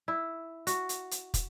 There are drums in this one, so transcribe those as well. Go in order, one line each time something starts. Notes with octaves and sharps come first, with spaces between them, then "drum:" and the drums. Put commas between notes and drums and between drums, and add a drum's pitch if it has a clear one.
E4
F#4, drum: hi-hat
drum: hi-hat
drum: hi-hat
drum: kick, hi-hat